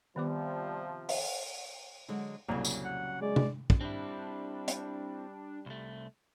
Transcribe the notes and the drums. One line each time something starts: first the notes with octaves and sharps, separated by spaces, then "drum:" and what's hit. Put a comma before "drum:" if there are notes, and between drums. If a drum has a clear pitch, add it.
C3 D#3 F3 G3 B3 D6
drum: open hi-hat
D3 F#3 G#3
C2 F2 A#2 C#3 F#3
drum: tambourine
F#5
G#3 D5
drum: tom C3
drum: kick
G3 C4 D4 E4
drum: hi-hat
C2 A3